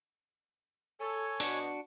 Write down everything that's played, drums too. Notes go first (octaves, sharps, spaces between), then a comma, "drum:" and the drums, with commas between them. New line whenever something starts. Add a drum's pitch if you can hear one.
A4 C#5 G#5
B2 D4 F#4, drum: open hi-hat